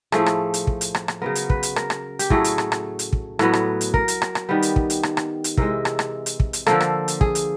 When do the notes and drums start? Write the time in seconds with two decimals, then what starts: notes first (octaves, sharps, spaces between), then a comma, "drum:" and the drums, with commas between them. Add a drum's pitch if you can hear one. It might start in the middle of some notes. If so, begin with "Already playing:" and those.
0.12 A2 F3 A3 G#4, drum: rim click
0.26 drum: rim click
0.54 drum: hi-hat
0.67 drum: kick
0.81 drum: hi-hat
0.95 drum: rim click
1.08 drum: rim click
1.22 C#3 F#3 B3 A#4
1.35 drum: hi-hat
1.50 B4, drum: kick
1.63 drum: hi-hat
1.76 A#4, drum: rim click
1.90 drum: rim click
2.19 G4, drum: hi-hat
2.30 A2 F#3 A3 G#4, drum: kick
2.44 drum: hi-hat
2.58 drum: rim click
2.72 drum: rim click
2.99 drum: hi-hat
3.13 drum: kick
3.39 A2 F#3 B3, drum: rim click
3.53 drum: rim click
3.81 drum: hi-hat
3.94 A#4, drum: kick
4.08 drum: hi-hat
4.22 drum: rim click
4.35 drum: rim click
4.49 D#3 G3 B3
4.62 drum: hi-hat
4.76 drum: kick
4.90 drum: hi-hat
5.03 drum: rim click
5.17 drum: rim click
5.44 drum: hi-hat
5.57 C3 E3 G#3 A#4, drum: kick
5.85 drum: rim click
5.99 drum: rim click
6.26 drum: hi-hat
6.40 drum: kick
6.53 drum: hi-hat
6.66 D3 F3 A#3 A4, drum: rim click
6.80 drum: rim click
7.08 drum: hi-hat
7.21 G#4, drum: kick
7.35 drum: hi-hat